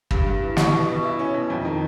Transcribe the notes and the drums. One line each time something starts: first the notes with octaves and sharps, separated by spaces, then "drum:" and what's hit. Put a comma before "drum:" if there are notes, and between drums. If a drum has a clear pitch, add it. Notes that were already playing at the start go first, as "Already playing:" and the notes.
G2, drum: kick
G2
E3
B2, drum: snare
B2
B2
E4
C#4
B2
F2
D#3